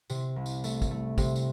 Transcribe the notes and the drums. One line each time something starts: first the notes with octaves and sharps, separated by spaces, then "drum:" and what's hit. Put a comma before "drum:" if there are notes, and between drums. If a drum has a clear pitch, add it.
C3, drum: tambourine
C2
drum: tambourine
A3, drum: tambourine
drum: kick, tambourine
A3
C3, drum: kick, tambourine
drum: tambourine